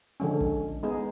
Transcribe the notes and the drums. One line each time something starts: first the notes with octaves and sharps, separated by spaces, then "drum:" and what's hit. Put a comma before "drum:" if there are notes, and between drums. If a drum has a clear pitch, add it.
D3 F3 G#3 C#4
drum: kick
G#3 B3 D#4 G#4